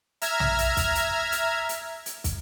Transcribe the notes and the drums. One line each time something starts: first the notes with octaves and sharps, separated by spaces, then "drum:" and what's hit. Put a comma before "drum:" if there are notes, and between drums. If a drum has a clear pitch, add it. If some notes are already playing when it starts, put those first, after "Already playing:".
E5 A#5 F6 G#6, drum: hi-hat
drum: tom
drum: hi-hat
drum: kick, hi-hat
drum: hi-hat
drum: hi-hat
drum: hi-hat
drum: hi-hat
drum: kick, hi-hat